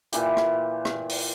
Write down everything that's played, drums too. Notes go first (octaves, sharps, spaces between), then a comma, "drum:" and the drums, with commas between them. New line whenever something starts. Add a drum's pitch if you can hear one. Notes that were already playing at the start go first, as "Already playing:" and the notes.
A#2 E3 G4, drum: hi-hat
drum: rim click
drum: rim click
drum: open hi-hat